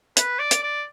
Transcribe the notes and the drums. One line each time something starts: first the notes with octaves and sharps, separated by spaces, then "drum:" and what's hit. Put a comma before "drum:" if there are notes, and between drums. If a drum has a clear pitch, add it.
B4, drum: hi-hat
D5
drum: hi-hat
D5